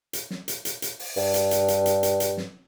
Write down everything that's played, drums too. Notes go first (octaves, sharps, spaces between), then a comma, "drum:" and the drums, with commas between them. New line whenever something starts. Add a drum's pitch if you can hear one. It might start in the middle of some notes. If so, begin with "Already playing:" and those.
drum: hi-hat
drum: snare
drum: hi-hat
drum: hi-hat
drum: hi-hat
drum: open hi-hat
G2, drum: open hi-hat
drum: hi-hat
drum: hi-hat
drum: hi-hat
drum: hi-hat
drum: hi-hat
drum: hi-hat
drum: snare